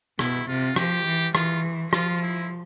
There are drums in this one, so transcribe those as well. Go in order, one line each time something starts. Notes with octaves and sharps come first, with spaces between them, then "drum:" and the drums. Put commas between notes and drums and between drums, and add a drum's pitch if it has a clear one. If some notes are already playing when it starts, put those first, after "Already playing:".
B2 E4, drum: rim click
C3 F4
F3 G4, drum: rim click
E3
E3 F4, drum: rim click
F3 F4, drum: rim click
E4